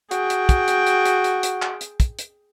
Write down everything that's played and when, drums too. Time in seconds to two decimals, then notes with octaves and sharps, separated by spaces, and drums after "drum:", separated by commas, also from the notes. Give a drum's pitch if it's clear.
0.11 F#4 G#4 G5, drum: hi-hat
0.30 drum: hi-hat
0.49 drum: kick, hi-hat
0.68 drum: hi-hat
0.87 drum: hi-hat
1.05 drum: hi-hat
1.24 drum: hi-hat
1.43 drum: hi-hat
1.62 drum: clap
1.81 drum: hi-hat
2.00 drum: kick, hi-hat
2.19 drum: hi-hat